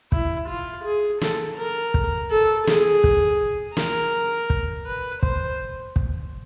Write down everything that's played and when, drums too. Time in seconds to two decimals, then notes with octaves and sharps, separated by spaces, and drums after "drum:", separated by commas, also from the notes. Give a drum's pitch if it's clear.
0.12 E4, drum: kick
0.48 F4
0.84 G#4
1.21 A4, drum: snare
1.57 A#4
1.94 drum: kick
2.31 A4
2.67 G#4, drum: snare
3.04 drum: kick
3.77 A#4, drum: snare
4.50 drum: kick
4.86 B4
5.23 C5, drum: kick
5.96 drum: kick